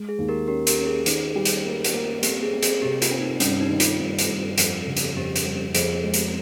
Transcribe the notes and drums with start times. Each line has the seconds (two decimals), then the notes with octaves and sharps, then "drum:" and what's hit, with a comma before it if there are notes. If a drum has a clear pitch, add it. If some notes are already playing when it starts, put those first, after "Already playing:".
Already playing: G#3
0.09 G#4
0.18 D#2
0.29 G4 A#4
0.48 C#4 G4 A#4
0.67 G4 A#4, drum: hi-hat
0.78 C#4
0.86 G#4
1.06 D#3, drum: hi-hat
1.36 G3
1.45 drum: hi-hat
1.65 A#3
1.84 drum: hi-hat
1.94 A#3
2.23 C4 G4, drum: hi-hat
2.42 G#4
2.53 C4
2.63 G#4, drum: hi-hat
2.82 C3 G4
3.02 F4, drum: hi-hat
3.11 C4
3.20 D#4
3.40 G2 C#4, drum: hi-hat
3.60 D#4
3.69 D#3
3.80 F4, drum: hi-hat
3.99 G2
4.19 drum: hi-hat
4.28 G2
4.58 F2, drum: hi-hat
4.87 C#3
4.97 drum: hi-hat
5.16 F2 G4
5.36 drum: hi-hat
5.45 G3
5.75 F2 G#4, drum: hi-hat
6.04 G#3
6.14 drum: hi-hat